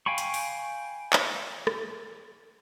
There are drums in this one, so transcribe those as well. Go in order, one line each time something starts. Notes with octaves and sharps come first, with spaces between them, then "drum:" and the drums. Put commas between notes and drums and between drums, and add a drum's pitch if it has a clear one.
F5 G5 G#5 B5 C#6
drum: hi-hat
drum: open hi-hat
drum: clap
drum: rim click